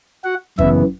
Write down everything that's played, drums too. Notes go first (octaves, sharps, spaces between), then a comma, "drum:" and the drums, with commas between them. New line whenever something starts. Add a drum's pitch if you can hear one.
F#4 F#5
F#2 C#3 E3 B3 E4 E5, drum: kick G1